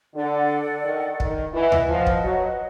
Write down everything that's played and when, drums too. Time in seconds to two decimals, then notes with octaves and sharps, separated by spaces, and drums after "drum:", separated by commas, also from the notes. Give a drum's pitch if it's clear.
0.15 D3 A4 D5 F#5
0.85 D#3
1.20 D#3, drum: kick
1.54 E3 B4 D#5 F#5
1.72 drum: tom D2
1.89 F3
2.07 drum: kick
2.24 F#3